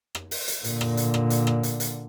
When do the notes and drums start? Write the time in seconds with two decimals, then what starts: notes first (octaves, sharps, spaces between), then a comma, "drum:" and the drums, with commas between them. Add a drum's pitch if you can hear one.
0.15 drum: rim click
0.31 drum: open hi-hat
0.48 drum: hi-hat
0.64 A#2 D3, drum: hi-hat
0.81 drum: rim click
0.97 drum: hi-hat
1.14 drum: rim click
1.30 drum: hi-hat
1.47 drum: rim click
1.63 drum: hi-hat
1.80 drum: hi-hat